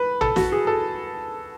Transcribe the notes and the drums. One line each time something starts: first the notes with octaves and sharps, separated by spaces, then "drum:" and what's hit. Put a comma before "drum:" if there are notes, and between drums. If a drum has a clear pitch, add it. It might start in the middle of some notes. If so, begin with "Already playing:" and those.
Already playing: B4
A4, drum: tom
F#4, drum: snare
G#4
A4